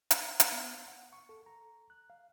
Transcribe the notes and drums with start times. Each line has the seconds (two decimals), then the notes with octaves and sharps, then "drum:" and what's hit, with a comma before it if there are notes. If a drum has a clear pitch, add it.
0.11 drum: hi-hat
0.21 A#5
0.40 F6, drum: hi-hat
0.52 B3
0.75 F5
0.88 F#5
1.13 C#6
1.29 A4
1.46 A#5
1.90 F#6
2.10 F5